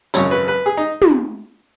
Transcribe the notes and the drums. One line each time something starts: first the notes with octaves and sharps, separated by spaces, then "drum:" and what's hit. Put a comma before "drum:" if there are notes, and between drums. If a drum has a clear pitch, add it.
G#1 F#2 C#3 C#5, drum: tambourine
B4
B4
G#4
D#4
drum: tom